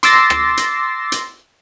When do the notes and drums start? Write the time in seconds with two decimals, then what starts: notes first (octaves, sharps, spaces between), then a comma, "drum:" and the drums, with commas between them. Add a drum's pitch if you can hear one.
0.03 C6 D6 E6 A6 A#6 C7, drum: hi-hat
0.30 drum: rim click
0.57 drum: hi-hat
1.12 drum: hi-hat